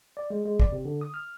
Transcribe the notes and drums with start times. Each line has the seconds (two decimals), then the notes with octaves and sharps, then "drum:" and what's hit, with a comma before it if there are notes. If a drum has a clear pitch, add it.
0.17 D5
0.30 G#3
0.45 G#3
0.60 D5, drum: kick
0.72 C3
0.85 D3
1.01 D#6
1.14 F6